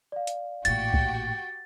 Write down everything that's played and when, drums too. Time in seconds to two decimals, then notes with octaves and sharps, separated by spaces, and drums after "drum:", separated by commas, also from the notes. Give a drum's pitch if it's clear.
0.12 D5 F5
0.27 drum: hi-hat
0.65 A1 A#2 F#4 G4 G5 A6, drum: hi-hat
0.94 drum: kick C2